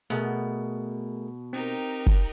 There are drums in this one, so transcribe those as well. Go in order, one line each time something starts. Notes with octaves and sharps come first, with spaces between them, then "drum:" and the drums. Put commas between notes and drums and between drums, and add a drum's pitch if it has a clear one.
B2 A3 G#4 A#4
C4 D#4 G4 A#4
drum: kick